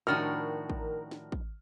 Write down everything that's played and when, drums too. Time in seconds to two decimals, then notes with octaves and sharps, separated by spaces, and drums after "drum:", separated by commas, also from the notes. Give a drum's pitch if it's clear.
0.07 A2 D#3 F3 D4 F#4 A#4 F6
0.70 drum: kick
1.11 drum: snare
1.32 drum: kick